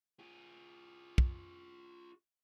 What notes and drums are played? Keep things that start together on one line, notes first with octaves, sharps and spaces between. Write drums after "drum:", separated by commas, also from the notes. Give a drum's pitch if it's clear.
F4 G#4
drum: kick